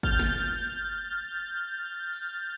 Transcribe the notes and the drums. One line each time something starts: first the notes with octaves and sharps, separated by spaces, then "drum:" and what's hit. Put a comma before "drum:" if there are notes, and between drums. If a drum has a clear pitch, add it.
F6 G6 A6, drum: kick
drum: snare
drum: open hi-hat